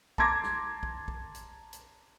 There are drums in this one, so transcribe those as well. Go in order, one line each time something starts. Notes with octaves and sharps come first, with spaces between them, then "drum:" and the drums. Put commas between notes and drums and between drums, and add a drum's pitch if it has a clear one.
A5 A#5 C6 D6 G#6 A#6, drum: kick
drum: snare
drum: kick
drum: kick
drum: hi-hat
drum: hi-hat